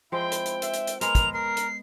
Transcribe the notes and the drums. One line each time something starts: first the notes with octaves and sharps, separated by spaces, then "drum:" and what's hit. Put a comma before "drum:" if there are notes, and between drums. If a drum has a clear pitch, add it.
F3 G#3 C4 E4 G5
drum: hi-hat
drum: hi-hat
E5, drum: hi-hat
drum: hi-hat
drum: hi-hat
G#3 B3 G#4 A#4 F7, drum: hi-hat
drum: kick, hi-hat
A#4 C7
drum: hi-hat